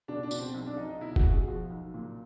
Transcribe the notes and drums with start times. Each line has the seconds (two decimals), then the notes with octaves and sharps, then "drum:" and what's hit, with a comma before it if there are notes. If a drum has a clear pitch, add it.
0.08 B2 D4
0.23 D4
0.31 B2, drum: tambourine
0.38 C4
0.54 B1 C4
0.67 D4
0.77 B1 D#4
0.89 D#4
1.01 B2 E4
1.16 F#4, drum: kick F1
1.24 B2
1.32 G#4
1.47 F3 F#4
1.70 B1
1.94 A#2